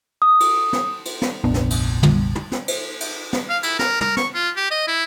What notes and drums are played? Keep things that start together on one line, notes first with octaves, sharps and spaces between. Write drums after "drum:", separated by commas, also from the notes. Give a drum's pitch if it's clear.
D#6
drum: cymbal
drum: snare
drum: cymbal
drum: snare
F1 A#1 B3 D4
drum: snare
drum: cymbal
drum: tom
drum: tom
drum: snare
drum: cymbal
drum: cymbal
drum: snare
F5
E4, drum: cymbal
A#4, drum: snare
A#4, drum: tom
C#6, drum: snare
F4
G4
D#5
E4